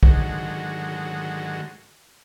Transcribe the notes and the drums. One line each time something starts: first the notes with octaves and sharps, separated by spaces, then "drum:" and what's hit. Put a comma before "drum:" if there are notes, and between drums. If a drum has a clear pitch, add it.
G#2 D3 D#3 F#3 G#3 F#4, drum: kick B1